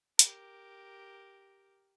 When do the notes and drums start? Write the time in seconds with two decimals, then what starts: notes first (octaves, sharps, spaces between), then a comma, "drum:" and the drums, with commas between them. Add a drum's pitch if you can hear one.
0.19 G4 A#4, drum: hi-hat